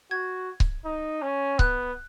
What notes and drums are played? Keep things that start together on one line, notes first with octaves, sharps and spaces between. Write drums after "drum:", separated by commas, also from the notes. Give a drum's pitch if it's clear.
F#4 G#6
drum: kick C#1
D#4
C#4
B3 F#6, drum: kick C#1